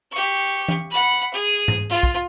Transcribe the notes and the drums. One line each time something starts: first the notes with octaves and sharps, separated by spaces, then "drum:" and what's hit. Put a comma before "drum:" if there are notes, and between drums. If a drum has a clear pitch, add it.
G4 C#6
drum: tom E3
F#5 B5
G#4
drum: tom G#2
F4, drum: hi-hat
drum: kick